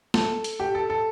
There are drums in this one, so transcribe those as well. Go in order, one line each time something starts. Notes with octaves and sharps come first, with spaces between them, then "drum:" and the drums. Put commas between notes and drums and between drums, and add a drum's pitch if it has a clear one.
A4, drum: snare
drum: hi-hat
G4
A4
A4